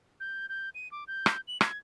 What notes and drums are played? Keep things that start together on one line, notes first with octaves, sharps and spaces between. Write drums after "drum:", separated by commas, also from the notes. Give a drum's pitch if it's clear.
G6
G6
D#7
D6
G6
drum: rim click
F#7
G#6, drum: rim click